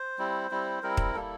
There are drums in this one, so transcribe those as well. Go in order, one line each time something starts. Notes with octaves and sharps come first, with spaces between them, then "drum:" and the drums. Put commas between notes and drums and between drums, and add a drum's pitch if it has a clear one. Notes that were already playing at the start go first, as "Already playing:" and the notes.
Already playing: C5
G3 C4 E4
G3 C4 E4
G3 C4 E4 A#4
drum: kick
G3 A#3 E4 A4